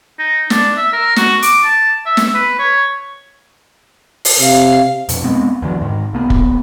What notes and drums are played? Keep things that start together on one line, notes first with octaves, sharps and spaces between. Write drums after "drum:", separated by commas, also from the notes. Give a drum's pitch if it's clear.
D#4
D4, drum: snare
E5
A#4
F#4, drum: snare
D6, drum: hi-hat
A5
E5
drum: snare
B4
C#5
drum: open hi-hat
C3 F5
F2 B2, drum: hi-hat
G#3 B3 C4
E2 D3 F#3
G#2 D#3
C2 A#3 B3
drum: kick